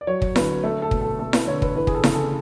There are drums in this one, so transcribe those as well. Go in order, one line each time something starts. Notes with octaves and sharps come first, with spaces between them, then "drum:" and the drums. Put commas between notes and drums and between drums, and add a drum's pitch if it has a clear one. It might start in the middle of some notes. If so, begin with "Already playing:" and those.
D5
F#3 C#5
drum: kick
D3 B4, drum: snare E4
A3 A4
A4
B2, drum: kick
A4
A3 A4
B4, drum: snare E4
D3 C#5
B4, drum: kick
E3 B4
G#4, drum: kick
A4
C#3, drum: snare E4
A4